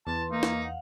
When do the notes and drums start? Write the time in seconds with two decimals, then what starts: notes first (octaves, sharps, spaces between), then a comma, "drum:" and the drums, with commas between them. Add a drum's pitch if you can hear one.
0.07 E2 B4 A5 C6
0.31 A#3 D#4
0.43 drum: snare
0.62 F5 F#5